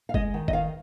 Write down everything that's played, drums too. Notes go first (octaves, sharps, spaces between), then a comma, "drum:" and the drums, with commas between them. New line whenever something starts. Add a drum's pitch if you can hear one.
F5
G#3 D#5, drum: kick F#1
D#3
D#5, drum: kick F#1
D#3 F5